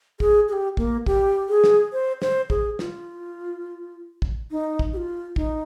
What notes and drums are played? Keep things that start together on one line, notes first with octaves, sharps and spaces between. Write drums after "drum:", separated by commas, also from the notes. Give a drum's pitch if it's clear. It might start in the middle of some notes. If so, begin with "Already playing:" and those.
G#4, drum: kick
G#4
G4
A#3, drum: kick
G4, drum: kick
G#4
drum: snare
C5
C5, drum: snare
G#4, drum: kick
F4, drum: snare
drum: kick
D#4
drum: kick
G4
F4
D#4, drum: kick